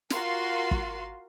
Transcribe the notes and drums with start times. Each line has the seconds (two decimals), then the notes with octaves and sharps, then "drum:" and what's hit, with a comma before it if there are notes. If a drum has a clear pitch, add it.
0.10 F4 F#4 A#4 F5 C6, drum: snare
0.71 drum: kick